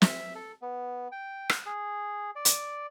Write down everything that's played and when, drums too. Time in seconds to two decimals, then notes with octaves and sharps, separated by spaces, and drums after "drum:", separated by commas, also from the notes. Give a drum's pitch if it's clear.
0.02 E5, drum: snare
0.35 A4
0.62 B3
1.12 G5
1.49 drum: rim click
1.66 G#4
2.36 D5
2.45 drum: hi-hat